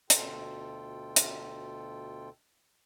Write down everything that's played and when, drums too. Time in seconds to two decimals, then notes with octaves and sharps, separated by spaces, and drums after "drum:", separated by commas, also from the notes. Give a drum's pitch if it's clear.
0.10 D2 B2 F4 A4 G5, drum: hi-hat
1.16 drum: hi-hat